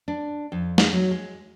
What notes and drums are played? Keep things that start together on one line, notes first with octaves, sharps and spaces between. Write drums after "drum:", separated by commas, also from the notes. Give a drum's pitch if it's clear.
D4
F2
drum: snare
F#3
G#3